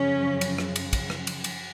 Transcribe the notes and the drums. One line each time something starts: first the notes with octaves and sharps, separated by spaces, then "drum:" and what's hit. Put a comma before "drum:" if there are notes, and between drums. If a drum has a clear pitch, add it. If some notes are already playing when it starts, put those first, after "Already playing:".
Already playing: F#2 C#3 F3 C#4
drum: cymbal
drum: rim click
drum: cymbal
drum: kick, cymbal
drum: rim click
drum: cymbal
drum: cymbal